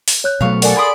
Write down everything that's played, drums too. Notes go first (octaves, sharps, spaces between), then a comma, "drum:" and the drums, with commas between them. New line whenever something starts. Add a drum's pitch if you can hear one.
drum: open hi-hat
C#5 F#6 G6
B2 F#3 A3 F5 C#6
A4 A#4 D5 F#5 G#5, drum: open hi-hat
G#4 D5 B5 C6 D#6 D7